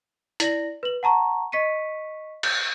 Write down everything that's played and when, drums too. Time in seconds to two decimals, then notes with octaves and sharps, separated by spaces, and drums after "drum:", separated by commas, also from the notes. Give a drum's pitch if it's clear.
0.40 E4 D5 A#6 F#7, drum: hi-hat
0.83 B4 F#7
1.03 F#5 A5 A#5 C#6
1.52 D#5 C#6 B6 C#7 D#7
2.43 G6, drum: cymbal